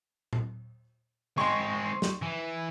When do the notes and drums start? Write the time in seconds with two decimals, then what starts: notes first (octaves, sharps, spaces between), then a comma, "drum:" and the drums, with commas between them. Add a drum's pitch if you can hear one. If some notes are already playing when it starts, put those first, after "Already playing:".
0.33 drum: tom A#2
1.38 G#3 C4 C6 C#6
2.02 drum: snare
2.22 E3